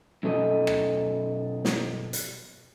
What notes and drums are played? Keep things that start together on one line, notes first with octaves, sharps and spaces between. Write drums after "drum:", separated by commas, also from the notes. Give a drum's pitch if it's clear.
F#2 B2 A4 D#5
drum: rim click
drum: snare
drum: hi-hat